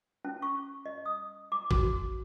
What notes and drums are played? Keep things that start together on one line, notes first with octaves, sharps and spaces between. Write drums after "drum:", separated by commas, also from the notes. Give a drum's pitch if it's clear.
C#4
C#6
D#5
D#6
D6
F#4, drum: kick A#1